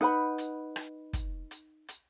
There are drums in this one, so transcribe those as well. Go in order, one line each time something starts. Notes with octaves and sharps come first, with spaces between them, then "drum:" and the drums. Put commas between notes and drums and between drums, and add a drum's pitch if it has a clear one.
D#4 B4 F#5 B5
drum: hi-hat
drum: rim click
drum: kick, hi-hat
drum: hi-hat
drum: hi-hat